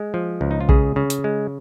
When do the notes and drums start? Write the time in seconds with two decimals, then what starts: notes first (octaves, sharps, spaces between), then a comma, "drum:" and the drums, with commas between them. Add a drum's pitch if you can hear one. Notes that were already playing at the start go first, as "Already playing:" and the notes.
Already playing: G#3
0.14 F3
0.41 C#2
0.51 D#4
0.61 F4
0.69 C#3 G#4, drum: kick A#1
0.96 C#3
1.10 drum: hi-hat
1.24 G#3